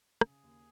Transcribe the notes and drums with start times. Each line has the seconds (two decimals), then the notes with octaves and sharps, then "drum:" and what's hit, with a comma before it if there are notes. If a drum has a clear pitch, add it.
0.21 C#3 G#4, drum: rim click
0.43 D#2